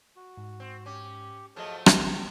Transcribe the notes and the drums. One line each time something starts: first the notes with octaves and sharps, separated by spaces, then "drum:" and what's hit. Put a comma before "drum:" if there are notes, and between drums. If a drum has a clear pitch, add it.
F#4
G#2
C4
C#4 G4
F3 F#3 A3 G#4 D#5 A5 F6
G#3 B3 G5, drum: rim click